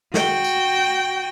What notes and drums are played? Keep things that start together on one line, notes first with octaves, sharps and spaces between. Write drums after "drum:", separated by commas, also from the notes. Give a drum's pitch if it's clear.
F#4 G5, drum: snare
drum: tambourine